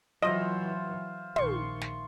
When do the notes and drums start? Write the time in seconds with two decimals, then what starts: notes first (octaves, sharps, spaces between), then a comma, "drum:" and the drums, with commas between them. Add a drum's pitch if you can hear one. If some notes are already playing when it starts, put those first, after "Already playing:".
0.23 E3 F#3 F4 C5 D#5 E5
1.36 A#1 D#3 C6 C#6, drum: tom
1.82 drum: snare